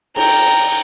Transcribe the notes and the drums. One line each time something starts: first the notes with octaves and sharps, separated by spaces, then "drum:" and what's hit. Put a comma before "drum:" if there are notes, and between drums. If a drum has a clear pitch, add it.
G5 A#5, drum: cymbal